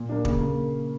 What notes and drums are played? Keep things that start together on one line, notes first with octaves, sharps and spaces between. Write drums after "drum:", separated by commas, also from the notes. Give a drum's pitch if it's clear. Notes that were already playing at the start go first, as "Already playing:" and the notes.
Already playing: A#2
A#3 D4
C#3, drum: kick
A#3